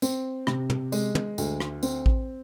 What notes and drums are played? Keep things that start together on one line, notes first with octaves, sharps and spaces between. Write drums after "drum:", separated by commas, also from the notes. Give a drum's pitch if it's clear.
C4, drum: tambourine
C3, drum: rim click
drum: tom
G#3, drum: tambourine
drum: tom
D2, drum: tambourine
drum: rim click
C4, drum: tambourine
drum: kick A1